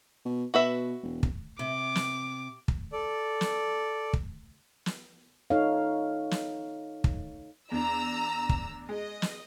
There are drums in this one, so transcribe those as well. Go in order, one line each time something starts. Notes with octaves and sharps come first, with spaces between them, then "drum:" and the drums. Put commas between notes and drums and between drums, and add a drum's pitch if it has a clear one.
B2
B2 F#4 B4 E5
E1
drum: kick
C3 D6
drum: snare
drum: kick
A4 D5
drum: snare
drum: kick
drum: snare
D#4 A4 C#5 F5
drum: snare
drum: kick
E2 D4 A#5 E6
drum: kick
G#3 D#5
drum: snare